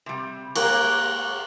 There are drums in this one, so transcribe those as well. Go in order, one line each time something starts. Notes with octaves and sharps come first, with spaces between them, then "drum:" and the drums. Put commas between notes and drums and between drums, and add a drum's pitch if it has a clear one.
C3 G3
G#3 A#3 A#4 C#6 D6 F#6, drum: cymbal